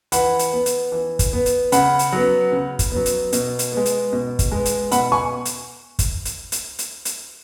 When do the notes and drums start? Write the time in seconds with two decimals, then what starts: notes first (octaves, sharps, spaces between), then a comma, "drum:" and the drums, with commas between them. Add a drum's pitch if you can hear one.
0.12 E3 F#5 B5, drum: hi-hat
0.39 drum: hi-hat
0.53 B3
0.66 drum: hi-hat
0.92 E3
1.19 drum: kick, hi-hat
1.33 B3
1.46 drum: hi-hat
1.72 C#3 F#5 B5, drum: hi-hat
1.99 drum: hi-hat
2.12 F#3 B3
2.52 C#3
2.79 drum: kick, hi-hat
2.92 F#3 B3
3.06 drum: hi-hat
3.33 B2, drum: hi-hat
3.59 drum: hi-hat
3.72 G#3 B3
3.86 drum: hi-hat
4.13 B2
4.39 drum: kick, hi-hat
4.52 G#3 B3
4.65 drum: hi-hat
4.92 B2 F#5 B5, drum: hi-hat
5.12 G#5 C#6
5.45 drum: hi-hat
5.99 drum: kick, hi-hat
6.25 drum: hi-hat
6.52 drum: hi-hat
6.79 drum: hi-hat
7.05 drum: hi-hat